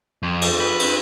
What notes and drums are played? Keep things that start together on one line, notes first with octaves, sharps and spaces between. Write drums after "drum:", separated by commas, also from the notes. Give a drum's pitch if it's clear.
F2
drum: cymbal
B4
drum: cymbal